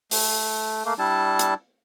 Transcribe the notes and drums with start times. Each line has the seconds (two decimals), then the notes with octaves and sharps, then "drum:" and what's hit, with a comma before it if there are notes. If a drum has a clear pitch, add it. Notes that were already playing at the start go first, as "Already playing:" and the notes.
0.11 A3, drum: open hi-hat
0.85 A3 A#3
0.99 G3 D4 E4 A5
1.39 drum: hi-hat